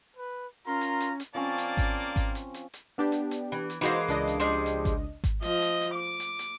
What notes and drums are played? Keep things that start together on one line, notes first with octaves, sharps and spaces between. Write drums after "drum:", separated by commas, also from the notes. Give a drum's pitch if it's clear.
B4
C#4 F4 A#4 A#5 C6
drum: hi-hat
drum: hi-hat
drum: hi-hat
F3 A#3 C4 C#4 D5 A5
drum: hi-hat
drum: kick G#1, hi-hat
drum: kick G#1, hi-hat
drum: hi-hat
drum: hi-hat
drum: hi-hat
B3 D4 G4
drum: hi-hat
drum: hi-hat
E3
drum: hi-hat
E3 G#3 A#3 D#4 F#4 C5
C#2 D4 D#5, drum: hi-hat
drum: hi-hat
F3 G3 G#3
drum: hi-hat
drum: kick G#1, hi-hat
drum: kick G#1, hi-hat
F3 D#5, drum: hi-hat
drum: hi-hat
drum: hi-hat
D6
drum: hi-hat
drum: hi-hat